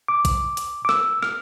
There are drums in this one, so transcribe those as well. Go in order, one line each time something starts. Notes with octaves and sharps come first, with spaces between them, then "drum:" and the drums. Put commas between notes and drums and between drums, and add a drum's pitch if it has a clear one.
D6
drum: kick, hi-hat
drum: hi-hat
D6
E6, drum: rim click
F6, drum: rim click